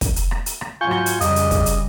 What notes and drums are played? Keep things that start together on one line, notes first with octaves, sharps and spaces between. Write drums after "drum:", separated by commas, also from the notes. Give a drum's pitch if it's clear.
drum: kick, hi-hat
drum: hi-hat
drum: rim click
drum: hi-hat
drum: rim click
G#2 F#3 F4 G#5 C#6 G6
drum: rim click
drum: hi-hat
F2 C#3 G3 G#3 D#5, drum: hi-hat
drum: hi-hat
drum: kick, hi-hat
drum: hi-hat